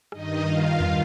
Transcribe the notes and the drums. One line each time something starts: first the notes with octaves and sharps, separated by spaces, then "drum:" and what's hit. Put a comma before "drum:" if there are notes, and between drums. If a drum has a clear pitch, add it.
G2 D#3 D#4 D#5, drum: rim click
G2 D#3 F4 F5
drum: tom E2